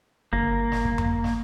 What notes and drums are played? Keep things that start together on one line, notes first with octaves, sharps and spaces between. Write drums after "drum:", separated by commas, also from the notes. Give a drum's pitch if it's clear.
G1 A#3
drum: snare
drum: kick
drum: tom F2
drum: snare